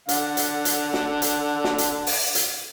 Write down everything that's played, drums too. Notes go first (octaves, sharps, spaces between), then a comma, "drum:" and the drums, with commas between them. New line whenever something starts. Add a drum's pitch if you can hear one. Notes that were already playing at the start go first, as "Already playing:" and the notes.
D3 F#5, drum: hi-hat
drum: hi-hat
drum: hi-hat
drum: snare
drum: hi-hat
drum: snare
drum: hi-hat
drum: open hi-hat
drum: hi-hat